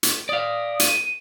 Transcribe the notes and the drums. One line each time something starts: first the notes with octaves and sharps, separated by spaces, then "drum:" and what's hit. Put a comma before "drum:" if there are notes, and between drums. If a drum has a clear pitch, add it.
drum: hi-hat
D5 F5 D#6
D#7, drum: hi-hat